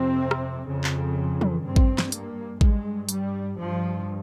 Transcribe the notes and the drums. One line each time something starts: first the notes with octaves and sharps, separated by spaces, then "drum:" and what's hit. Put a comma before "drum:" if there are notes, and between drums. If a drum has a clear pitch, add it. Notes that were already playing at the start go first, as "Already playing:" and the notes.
Already playing: F2 C3 C4
drum: rim click
F2 C#3
drum: clap
drum: tom
G2 C4
drum: kick A1
drum: snare
A#3, drum: hi-hat
G2 G#3, drum: kick A1
G3, drum: hi-hat
G2 F3